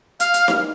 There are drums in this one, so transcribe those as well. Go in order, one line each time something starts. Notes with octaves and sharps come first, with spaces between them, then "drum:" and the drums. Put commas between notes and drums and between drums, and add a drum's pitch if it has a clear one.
F5, drum: hi-hat
drum: hi-hat
drum: snare D#4